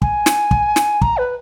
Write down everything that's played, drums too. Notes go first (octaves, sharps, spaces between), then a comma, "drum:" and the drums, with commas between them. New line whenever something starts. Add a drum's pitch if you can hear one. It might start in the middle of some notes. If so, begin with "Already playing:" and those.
G#5, drum: kick
drum: snare
drum: kick
drum: snare
A#5, drum: kick
B4